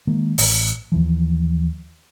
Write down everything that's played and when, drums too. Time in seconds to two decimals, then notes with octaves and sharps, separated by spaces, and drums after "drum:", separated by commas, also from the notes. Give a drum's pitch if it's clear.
0.07 D#3 G#3 A#3
0.38 A1, drum: open hi-hat
0.92 D#2 E3 F3